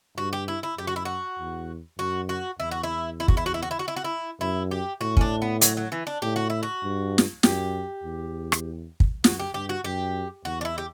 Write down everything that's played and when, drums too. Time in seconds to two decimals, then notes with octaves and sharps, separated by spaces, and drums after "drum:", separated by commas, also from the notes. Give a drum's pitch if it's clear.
0.18 G2 F#4
0.33 G4
0.48 E4
0.63 E4
0.78 F#2 G4
0.87 F#4
0.96 E4
1.05 F#4
1.39 E2
1.99 F#2 F#4
2.29 F#4
2.59 E2 E4
2.71 F#4
2.83 E4
3.20 E4
3.28 F#4, drum: kick
3.37 E4
3.46 F#4
3.54 E4
3.62 F#4
3.71 E4
3.79 F#4
3.88 E4
3.96 F#4
4.04 E4
4.41 F#2 E4
4.71 G4
5.01 A2 F#4
5.17 C#4, drum: kick
5.21 D4
5.42 B3
5.61 F#3, drum: hi-hat
5.77 F#3
5.92 E3
6.07 D4
6.22 A2 G4
6.36 F#4
6.50 E4
6.63 F#4
6.83 G2
7.18 drum: snare
7.43 F#2 G4, drum: snare
8.04 E2
8.52 drum: rim click
9.00 drum: kick
9.24 F#2 F#4, drum: snare
9.40 G4
9.54 G2 G4
9.69 F#4
9.84 F#2 G4
10.45 E2 F#4
10.61 D4
10.65 E4
10.78 G4